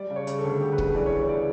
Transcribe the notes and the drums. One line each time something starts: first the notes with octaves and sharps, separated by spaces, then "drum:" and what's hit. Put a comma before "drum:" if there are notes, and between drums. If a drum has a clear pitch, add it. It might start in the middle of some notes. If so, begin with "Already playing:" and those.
Already playing: G3 D5
C#3
C#5
C#3, drum: hi-hat
A4
D2
C#3 G4
B4
G3, drum: kick
A4
E3 D5
C#5
G3
C#5
C#3 D5